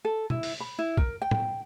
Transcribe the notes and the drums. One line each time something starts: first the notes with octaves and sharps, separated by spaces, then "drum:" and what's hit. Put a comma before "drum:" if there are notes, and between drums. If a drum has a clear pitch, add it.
A4
E4, drum: tom B2
drum: open hi-hat
B5
E4
A#4, drum: kick A#1
G5
drum: tom A2